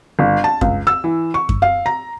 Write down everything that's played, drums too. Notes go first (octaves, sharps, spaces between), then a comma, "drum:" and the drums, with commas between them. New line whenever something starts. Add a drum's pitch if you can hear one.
G1
A5
C#2, drum: kick F#2
E6
E3
C#6
drum: kick F#2
F5
A#5